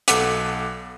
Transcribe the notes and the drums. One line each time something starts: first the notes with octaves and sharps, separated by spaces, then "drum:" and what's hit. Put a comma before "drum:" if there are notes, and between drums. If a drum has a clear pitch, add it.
B1 A4 F#5 D6, drum: hi-hat